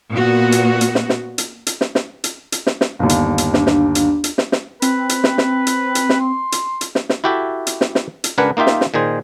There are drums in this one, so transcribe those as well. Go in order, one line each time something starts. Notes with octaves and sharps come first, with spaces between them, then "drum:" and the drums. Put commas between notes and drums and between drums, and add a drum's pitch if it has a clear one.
A#2 B3 F#4
drum: hi-hat
drum: hi-hat
drum: snare
drum: snare
drum: hi-hat
drum: hi-hat
drum: snare
drum: snare
drum: hi-hat
drum: hi-hat
drum: snare
drum: snare
G1 D#2
drum: hi-hat
drum: hi-hat
D4, drum: snare
drum: snare
drum: hi-hat
drum: hi-hat
drum: snare
drum: snare
C4 B4, drum: hi-hat
drum: hi-hat
drum: snare
drum: snare
drum: hi-hat
drum: hi-hat
drum: snare
C6
drum: hi-hat
drum: hi-hat
drum: snare
drum: snare
E4 F#4 G4 A4 E5
drum: hi-hat
drum: snare
drum: snare
drum: hi-hat
C#2 D4 A#4 B4 F#5 G#5
A#3 D#4 F4 G4 E5
drum: snare
drum: snare
A#2 D#3 G#4 C5